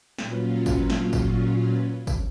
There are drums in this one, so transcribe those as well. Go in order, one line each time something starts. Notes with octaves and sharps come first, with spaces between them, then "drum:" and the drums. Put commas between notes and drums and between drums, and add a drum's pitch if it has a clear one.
A#2 F#3 C#4 F4 B4, drum: snare
B4, drum: kick G#1, tambourine
drum: snare
G#4, drum: kick G#1, tambourine
B4
drum: kick G#1, tambourine